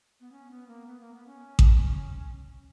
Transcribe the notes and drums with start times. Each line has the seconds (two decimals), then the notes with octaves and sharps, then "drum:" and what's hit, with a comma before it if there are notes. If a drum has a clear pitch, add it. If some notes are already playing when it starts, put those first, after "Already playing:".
0.20 B3
0.32 C#4
0.51 B3
0.68 A#3
0.87 B3
1.00 A#3
1.14 B3
1.27 C#4
1.59 drum: kick A1